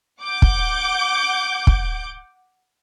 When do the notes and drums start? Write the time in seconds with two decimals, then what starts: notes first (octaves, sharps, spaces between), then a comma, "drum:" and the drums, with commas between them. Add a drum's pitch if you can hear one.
0.21 F#5 D6 G6
0.42 drum: kick
1.67 drum: kick